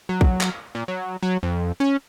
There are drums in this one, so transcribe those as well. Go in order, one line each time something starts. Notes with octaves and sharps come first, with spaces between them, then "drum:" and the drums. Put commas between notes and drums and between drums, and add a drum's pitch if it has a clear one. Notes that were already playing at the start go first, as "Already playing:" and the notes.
F#3
drum: kick
drum: clap
A#2
F#3
F#3
F2
C#4